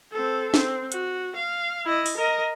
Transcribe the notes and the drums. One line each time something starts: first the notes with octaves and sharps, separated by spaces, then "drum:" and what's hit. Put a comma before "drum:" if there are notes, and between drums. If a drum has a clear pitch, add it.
C4 A4
C4, drum: snare
F#4, drum: hi-hat
F5
E4 D#5
drum: open hi-hat
A#4 D#5